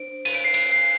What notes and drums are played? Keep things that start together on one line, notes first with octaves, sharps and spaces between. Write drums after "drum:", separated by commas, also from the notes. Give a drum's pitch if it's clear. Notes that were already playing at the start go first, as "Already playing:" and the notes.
Already playing: D4 C5 D7
D#7, drum: cymbal
D7
C7
D7, drum: cymbal
C7